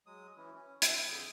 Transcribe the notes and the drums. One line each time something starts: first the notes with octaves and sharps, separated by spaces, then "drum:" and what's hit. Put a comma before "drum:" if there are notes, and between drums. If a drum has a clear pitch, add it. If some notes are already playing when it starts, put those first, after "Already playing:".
F#3 G#3 D#6
E3 C#4 E4
C#4
B4 E5 F#5, drum: hi-hat
F2 D3 G#4 G6